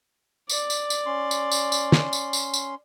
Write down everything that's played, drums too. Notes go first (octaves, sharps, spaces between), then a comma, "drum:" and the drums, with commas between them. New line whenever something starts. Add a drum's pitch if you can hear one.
D5, drum: tambourine
drum: tambourine
drum: tambourine
C#4 C6
drum: tambourine
drum: tambourine
drum: tambourine
drum: snare
drum: tambourine
drum: tambourine
drum: tambourine